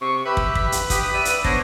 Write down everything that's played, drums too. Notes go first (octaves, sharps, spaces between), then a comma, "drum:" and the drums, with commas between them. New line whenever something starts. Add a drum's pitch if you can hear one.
C3 C#6
G4 B4 E5 B5
drum: kick
B6, drum: kick
drum: hi-hat
G4 D#6, drum: kick, hi-hat
D5 E5 D#7
drum: hi-hat
B3 D4 C5 C#5 A#6, drum: kick